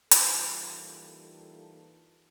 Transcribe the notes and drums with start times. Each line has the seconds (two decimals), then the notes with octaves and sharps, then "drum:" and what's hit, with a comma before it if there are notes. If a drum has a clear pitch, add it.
0.11 E3 G3 A#3 D#4 F4 A4, drum: hi-hat